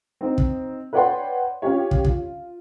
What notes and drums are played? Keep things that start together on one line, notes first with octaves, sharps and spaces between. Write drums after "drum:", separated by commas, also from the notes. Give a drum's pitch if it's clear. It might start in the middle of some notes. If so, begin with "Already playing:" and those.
C4 D#4
drum: kick
B4 C#5 D5 F#5 G5 C6
C#4 F4 G4 C#5
drum: kick
F4, drum: kick